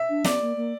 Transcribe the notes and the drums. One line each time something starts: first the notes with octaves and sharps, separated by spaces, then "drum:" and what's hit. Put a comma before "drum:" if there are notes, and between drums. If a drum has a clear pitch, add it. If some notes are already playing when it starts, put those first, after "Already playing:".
Already playing: E5
D4
B3 D5, drum: snare
A#3
A#3